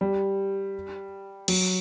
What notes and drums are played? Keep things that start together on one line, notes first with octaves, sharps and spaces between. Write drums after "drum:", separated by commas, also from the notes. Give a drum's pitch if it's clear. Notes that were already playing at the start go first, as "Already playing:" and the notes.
G3
F#3, drum: cymbal